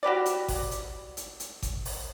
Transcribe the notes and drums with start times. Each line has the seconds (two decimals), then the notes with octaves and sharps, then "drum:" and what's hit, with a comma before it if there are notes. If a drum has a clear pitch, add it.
0.03 F#4 G4 B4 D5
0.26 drum: hi-hat
0.48 drum: kick G#1, open hi-hat
0.71 drum: hi-hat
1.17 drum: hi-hat
1.40 drum: hi-hat
1.62 drum: kick G#1, hi-hat
1.85 drum: open hi-hat